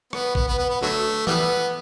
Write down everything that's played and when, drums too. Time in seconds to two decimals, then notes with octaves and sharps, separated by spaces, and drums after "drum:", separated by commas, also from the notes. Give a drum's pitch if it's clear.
0.13 B3, drum: rim click
0.35 B3, drum: kick G#1
0.48 B3
0.58 B3
0.69 B3
0.82 D3 F#3 A3
1.27 E3 G3 B3, drum: tom E3